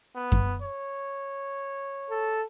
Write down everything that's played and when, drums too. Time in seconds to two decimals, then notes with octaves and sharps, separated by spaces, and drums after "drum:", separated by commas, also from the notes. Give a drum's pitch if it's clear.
0.15 B3
0.32 drum: kick F#2
0.62 C#5
2.10 A4